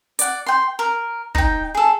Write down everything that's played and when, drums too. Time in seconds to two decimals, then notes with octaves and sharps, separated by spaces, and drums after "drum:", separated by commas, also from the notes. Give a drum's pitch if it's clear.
0.19 D5 F#5, drum: hi-hat
0.46 G5 C6
0.79 A#4
1.35 D#4 G5, drum: kick
1.75 G#4 A4